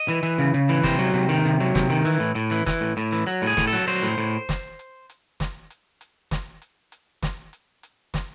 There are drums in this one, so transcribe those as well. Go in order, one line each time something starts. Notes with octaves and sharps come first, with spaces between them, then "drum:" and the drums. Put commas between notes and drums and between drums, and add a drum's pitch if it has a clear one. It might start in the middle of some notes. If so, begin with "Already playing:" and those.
Already playing: D#5
E3
E3, drum: hi-hat
C#3
C#3, drum: hi-hat
E3
C3 C5, drum: snare
F#3
C3, drum: hi-hat
D#3
C3, drum: hi-hat
F#3
C3, drum: snare
D#3
E3, drum: hi-hat
A2
A2, drum: hi-hat
E3
E3, drum: snare
A2
A2, drum: hi-hat
E3
F#3, drum: hi-hat
A2
G#4
A2, drum: snare
A4
F#3
F#3 C5, drum: hi-hat
A2
A2, drum: hi-hat
drum: snare
drum: hi-hat
drum: hi-hat
drum: snare
drum: hi-hat
drum: hi-hat
drum: snare
drum: hi-hat
drum: hi-hat
drum: snare
drum: hi-hat
drum: hi-hat
drum: snare